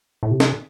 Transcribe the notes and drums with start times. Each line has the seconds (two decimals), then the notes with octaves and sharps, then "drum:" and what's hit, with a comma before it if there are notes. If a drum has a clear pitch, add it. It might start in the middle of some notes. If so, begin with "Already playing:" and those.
0.23 A2
0.31 C3
0.40 drum: snare